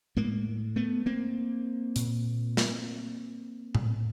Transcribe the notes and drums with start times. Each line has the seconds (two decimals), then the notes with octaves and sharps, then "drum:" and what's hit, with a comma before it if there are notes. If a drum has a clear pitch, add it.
0.17 A2 G#3 A#3
0.76 A3 B3
1.06 A#3 C4
1.96 A#2, drum: hi-hat
2.57 drum: snare
3.75 A2, drum: tom A#2